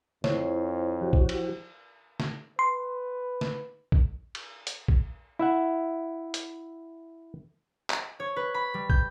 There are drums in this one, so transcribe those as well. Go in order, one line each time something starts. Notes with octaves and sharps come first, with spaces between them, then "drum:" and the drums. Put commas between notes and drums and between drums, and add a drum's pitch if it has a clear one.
F2 E4 C5 C#5, drum: snare
F3 F#4 G4
drum: kick
drum: cymbal
drum: snare
B4 C6
drum: snare
drum: kick
drum: cymbal
drum: hi-hat
drum: kick
E4 E5 F#5
drum: hi-hat
drum: clap
C#5
B4
B5
G3
G6, drum: kick